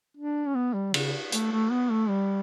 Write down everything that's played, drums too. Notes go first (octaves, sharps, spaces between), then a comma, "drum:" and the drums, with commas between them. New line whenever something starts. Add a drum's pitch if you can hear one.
D4
C#4
B3
G3
C#3, drum: cymbal
A3, drum: hi-hat
A3
B3
A3
G3